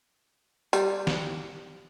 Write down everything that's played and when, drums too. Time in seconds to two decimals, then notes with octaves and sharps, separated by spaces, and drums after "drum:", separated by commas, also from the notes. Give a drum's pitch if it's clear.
0.73 G3, drum: tambourine
1.07 drum: snare